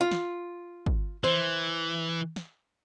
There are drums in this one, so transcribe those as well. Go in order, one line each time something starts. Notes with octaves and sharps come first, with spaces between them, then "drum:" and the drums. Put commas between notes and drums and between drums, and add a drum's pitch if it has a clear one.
F4
drum: snare
drum: kick
E3 C5
drum: snare